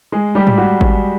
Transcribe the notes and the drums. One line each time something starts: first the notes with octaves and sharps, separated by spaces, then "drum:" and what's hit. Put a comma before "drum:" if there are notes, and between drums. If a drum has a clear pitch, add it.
G#3 G#4
G3 G4
drum: tom G#2
F#4
drum: kick G#1